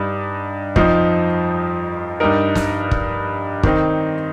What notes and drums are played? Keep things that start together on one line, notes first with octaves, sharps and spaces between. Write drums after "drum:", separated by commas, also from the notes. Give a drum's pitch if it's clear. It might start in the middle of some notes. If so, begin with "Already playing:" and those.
Already playing: G2 G3 D#4
F2 F3 D#4 C5, drum: kick
G2 G3 D#4 A#4
drum: snare
drum: kick
D#3 C4 D#4, drum: kick